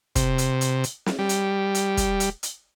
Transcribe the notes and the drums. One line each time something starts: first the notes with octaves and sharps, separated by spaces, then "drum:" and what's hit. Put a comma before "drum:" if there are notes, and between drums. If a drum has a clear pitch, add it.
C3, drum: kick, hi-hat
drum: hi-hat
drum: hi-hat
drum: hi-hat
drum: snare
G3
drum: hi-hat
drum: hi-hat
drum: kick, hi-hat
drum: hi-hat
drum: hi-hat